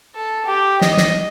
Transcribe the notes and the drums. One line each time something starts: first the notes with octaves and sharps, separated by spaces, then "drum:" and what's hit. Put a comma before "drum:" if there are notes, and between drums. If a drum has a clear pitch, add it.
A4
G4
D#5, drum: snare
drum: snare